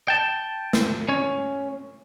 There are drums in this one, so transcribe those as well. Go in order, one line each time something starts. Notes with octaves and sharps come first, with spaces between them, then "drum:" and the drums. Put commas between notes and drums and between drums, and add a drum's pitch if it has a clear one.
G5 A5
drum: snare
C#4 C#5